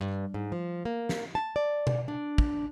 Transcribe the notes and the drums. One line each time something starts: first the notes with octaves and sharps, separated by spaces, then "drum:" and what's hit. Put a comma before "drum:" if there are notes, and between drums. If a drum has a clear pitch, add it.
G2
G#2
F3
A#3
drum: snare
A5
D5
drum: tom B2
D4
drum: kick